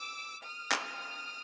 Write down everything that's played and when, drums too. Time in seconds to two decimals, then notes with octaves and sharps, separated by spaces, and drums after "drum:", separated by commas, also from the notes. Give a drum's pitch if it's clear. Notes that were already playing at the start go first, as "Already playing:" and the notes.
Already playing: D6 E6
0.44 D#6 F6
0.72 drum: clap